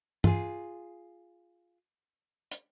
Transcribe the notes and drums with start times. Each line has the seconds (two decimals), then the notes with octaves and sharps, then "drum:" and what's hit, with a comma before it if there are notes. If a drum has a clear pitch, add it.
0.24 F4 G#4, drum: tom G2
2.51 drum: hi-hat